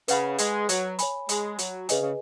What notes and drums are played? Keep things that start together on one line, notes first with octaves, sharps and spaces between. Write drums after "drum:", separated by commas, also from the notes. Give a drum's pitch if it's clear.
C#3 B4 F#5 B5, drum: hi-hat
G#3, drum: hi-hat
F#3, drum: hi-hat
C#5 G#5 B5, drum: hi-hat
G#3, drum: hi-hat
F#3, drum: hi-hat
C#3 G#4 B4 D#5 G#5, drum: hi-hat
C#3